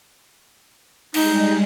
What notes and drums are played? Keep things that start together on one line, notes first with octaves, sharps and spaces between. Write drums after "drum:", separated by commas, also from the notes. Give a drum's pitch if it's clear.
G3 G#3 D#4, drum: cymbal